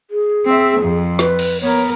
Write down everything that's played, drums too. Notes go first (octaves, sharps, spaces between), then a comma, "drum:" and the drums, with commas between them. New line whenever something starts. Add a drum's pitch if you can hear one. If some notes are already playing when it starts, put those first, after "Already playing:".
G#4
C4 E5
F2 F3
B4, drum: snare
drum: cymbal
B3 A#4 C#5